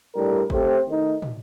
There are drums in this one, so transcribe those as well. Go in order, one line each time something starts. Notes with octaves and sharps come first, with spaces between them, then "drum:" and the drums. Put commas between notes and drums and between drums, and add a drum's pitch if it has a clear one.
A2 G3 D4 G4 A#4
A3 C4 G4 C5, drum: kick G1
D#3 A3 D#4
drum: tom